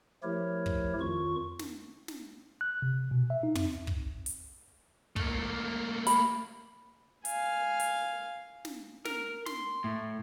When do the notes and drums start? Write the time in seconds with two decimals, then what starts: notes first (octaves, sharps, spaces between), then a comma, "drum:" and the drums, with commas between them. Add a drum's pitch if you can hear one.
0.23 F3 A3 E4 G4 A#4 C#5
0.66 drum: kick
1.00 F2 D#3 F4 C#6
1.59 drum: snare
2.08 drum: snare
2.61 F#6
2.82 C3
3.11 B2
3.30 E5
3.43 D#4
3.55 C4, drum: tom
3.87 drum: kick
4.26 drum: hi-hat
5.16 A3 A#3, drum: kick
6.07 B5, drum: hi-hat
7.25 F5 G#5, drum: hi-hat
7.80 drum: hi-hat
8.65 drum: snare
9.05 A#4, drum: snare
9.46 C6, drum: snare
9.84 A2